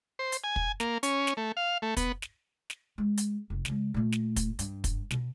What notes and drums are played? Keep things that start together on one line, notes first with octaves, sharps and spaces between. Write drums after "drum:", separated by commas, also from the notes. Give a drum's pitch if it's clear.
C5
drum: hi-hat
G#5
drum: kick
A#3, drum: snare
C#4, drum: hi-hat
drum: snare
A3
F5
A3
B3, drum: kick, hi-hat
drum: snare
drum: snare
G#3
drum: hi-hat
F1
C#3 G#3, drum: snare
A#2 A3
drum: snare
drum: kick, hi-hat
G2, drum: hi-hat
drum: kick, hi-hat
B2, drum: snare